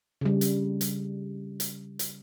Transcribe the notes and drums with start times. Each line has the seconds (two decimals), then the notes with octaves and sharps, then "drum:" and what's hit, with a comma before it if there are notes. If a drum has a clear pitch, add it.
0.21 C#3 G3
0.41 drum: hi-hat
0.81 drum: hi-hat
1.60 drum: hi-hat
1.99 drum: hi-hat